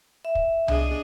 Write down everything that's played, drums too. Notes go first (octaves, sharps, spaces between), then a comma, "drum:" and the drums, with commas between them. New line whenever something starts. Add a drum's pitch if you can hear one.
E5
drum: kick
D4 G#4 D#5, drum: tom C2